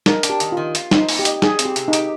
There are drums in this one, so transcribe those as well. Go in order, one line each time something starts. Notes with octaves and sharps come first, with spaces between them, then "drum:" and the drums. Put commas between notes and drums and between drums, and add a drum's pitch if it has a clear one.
G#3 A#4, drum: snare
D4, drum: hi-hat
G4
D#3, drum: hi-hat
D#3 F4
F4, drum: hi-hat
C5, drum: snare
D#4
A#3, drum: open hi-hat
G4
D#5, drum: hi-hat
G3 G#4, drum: snare
C4, drum: hi-hat
G4
C3, drum: hi-hat
D#4
G4, drum: hi-hat